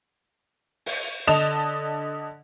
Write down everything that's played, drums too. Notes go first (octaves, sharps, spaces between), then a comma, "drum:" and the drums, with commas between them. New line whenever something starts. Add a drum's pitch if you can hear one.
drum: open hi-hat
D3 D#5 A5 E7 F7